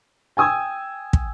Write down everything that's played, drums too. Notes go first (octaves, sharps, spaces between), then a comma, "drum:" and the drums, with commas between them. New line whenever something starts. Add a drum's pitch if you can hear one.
G5 G#5 D#6 E6 G#6
drum: kick